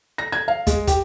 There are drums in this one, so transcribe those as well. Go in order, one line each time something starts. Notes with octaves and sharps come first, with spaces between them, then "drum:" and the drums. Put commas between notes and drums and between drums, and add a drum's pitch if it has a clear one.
A#6
G#6
F5
G#3, drum: kick, hi-hat
G4, drum: kick, hi-hat